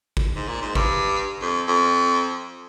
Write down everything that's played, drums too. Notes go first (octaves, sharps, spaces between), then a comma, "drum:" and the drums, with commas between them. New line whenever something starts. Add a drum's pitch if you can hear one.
drum: kick G#1
G#2
A#2
G#2
G2, drum: kick G#1
F2
F2